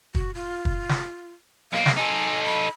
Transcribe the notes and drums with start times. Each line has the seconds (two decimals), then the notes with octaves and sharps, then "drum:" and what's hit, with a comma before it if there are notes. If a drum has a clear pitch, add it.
0.15 F#4, drum: kick
0.35 F4
0.65 drum: kick
0.89 drum: snare
1.73 B1 A#3 F5
1.86 drum: snare
1.97 D#4 A4 G#5
2.45 B5